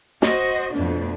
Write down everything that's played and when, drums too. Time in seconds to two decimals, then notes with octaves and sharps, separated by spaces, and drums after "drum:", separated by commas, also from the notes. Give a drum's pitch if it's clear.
0.22 F#4 C5 D#5, drum: snare
0.72 F2 B2 A3 D4